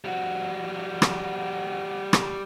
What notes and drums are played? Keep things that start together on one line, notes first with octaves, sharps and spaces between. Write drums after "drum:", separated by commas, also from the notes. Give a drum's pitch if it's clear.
G3 F#4
drum: rim click
drum: rim click